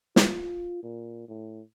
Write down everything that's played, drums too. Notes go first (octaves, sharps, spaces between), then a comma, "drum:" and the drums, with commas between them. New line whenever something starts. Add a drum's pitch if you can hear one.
F4, drum: snare
A#2
A2